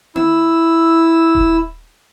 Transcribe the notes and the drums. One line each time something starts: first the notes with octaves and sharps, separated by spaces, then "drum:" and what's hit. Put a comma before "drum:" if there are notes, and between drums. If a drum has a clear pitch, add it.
E4 E6, drum: tom A#3
drum: kick D#1